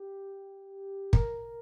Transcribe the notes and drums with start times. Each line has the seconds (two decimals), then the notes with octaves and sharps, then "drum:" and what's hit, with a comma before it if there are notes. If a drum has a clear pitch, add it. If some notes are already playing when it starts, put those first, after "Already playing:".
Already playing: G4
1.13 A#4, drum: kick